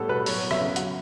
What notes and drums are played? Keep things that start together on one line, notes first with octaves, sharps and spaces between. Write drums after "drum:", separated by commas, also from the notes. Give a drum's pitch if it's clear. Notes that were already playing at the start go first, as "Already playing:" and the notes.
Already playing: A2 G3 B3 A4
B2 B4
F#3 C#5, drum: open hi-hat
B3
E5, drum: rim click
C#3
F#3 F#5, drum: hi-hat